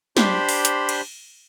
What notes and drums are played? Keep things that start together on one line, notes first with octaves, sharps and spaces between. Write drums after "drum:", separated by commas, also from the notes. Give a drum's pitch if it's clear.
D4 G4 C5 B5 C6, drum: snare
drum: open hi-hat
drum: hi-hat
drum: cymbal